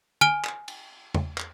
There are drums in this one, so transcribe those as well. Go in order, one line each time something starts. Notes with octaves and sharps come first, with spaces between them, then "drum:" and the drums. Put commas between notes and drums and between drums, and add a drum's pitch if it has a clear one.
G#5 F6 D7 G7, drum: tom
drum: clap
drum: cymbal
drum: tom E2
drum: clap